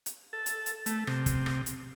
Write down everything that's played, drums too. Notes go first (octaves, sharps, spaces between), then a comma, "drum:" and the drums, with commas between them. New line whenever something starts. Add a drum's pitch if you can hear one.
drum: hi-hat
A4
drum: hi-hat
drum: hi-hat
A3, drum: hi-hat
C3, drum: rim click
drum: kick, hi-hat
drum: rim click
drum: hi-hat